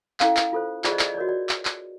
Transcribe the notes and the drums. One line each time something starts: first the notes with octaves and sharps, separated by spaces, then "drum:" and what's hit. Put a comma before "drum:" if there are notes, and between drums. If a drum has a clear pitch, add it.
C#4 E4 A4 F5, drum: clap
drum: clap
F4 A4 C5
F4 G#4 C5 D5, drum: clap
D#5
D5, drum: clap
D#5
D5
F#4 A#4 C#5 D#5
D5
drum: clap
drum: clap